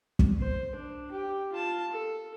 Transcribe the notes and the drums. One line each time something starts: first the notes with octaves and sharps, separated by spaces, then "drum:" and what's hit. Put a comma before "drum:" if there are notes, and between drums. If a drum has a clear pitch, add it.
drum: kick
C5
D4
G4
F4 A5
A4